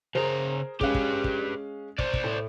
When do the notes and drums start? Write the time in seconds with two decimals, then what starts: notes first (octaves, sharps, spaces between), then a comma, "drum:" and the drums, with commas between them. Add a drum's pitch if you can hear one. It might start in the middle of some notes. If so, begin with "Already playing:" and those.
0.15 C#3 G#4 A#4 C5 A#5
0.81 G#3 C#4 G4 B4 F5, drum: kick
0.94 drum: kick
1.24 drum: kick
1.99 C5 D5, drum: kick
2.14 drum: kick
2.24 A2